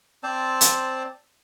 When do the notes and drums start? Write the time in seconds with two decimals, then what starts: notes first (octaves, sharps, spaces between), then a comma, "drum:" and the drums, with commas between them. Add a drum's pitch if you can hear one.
0.23 C4 C5 D5 A5
0.61 drum: hi-hat